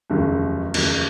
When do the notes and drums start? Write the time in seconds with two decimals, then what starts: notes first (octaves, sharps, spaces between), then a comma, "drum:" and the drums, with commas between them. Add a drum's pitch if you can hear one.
0.10 F1 D#2 C#3 F#3
0.74 F1 D#2 C#3 F#3, drum: cymbal